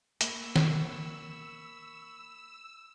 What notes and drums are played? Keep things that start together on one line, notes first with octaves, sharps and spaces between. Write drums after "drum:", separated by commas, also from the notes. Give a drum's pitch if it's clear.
A#3 B5 C#6 E6, drum: hi-hat
drum: snare D#3